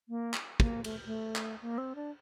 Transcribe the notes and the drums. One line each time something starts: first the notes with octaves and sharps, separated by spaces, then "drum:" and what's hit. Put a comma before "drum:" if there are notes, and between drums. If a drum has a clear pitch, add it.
A#3
drum: clap
A#3, drum: kick
A3, drum: cymbal
A3
drum: clap
A#3
C4
D4